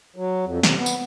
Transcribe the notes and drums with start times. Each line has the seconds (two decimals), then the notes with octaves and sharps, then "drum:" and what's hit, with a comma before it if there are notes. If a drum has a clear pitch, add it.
0.16 F#3
0.45 F2
0.63 C3, drum: snare
0.77 B3
0.86 drum: tambourine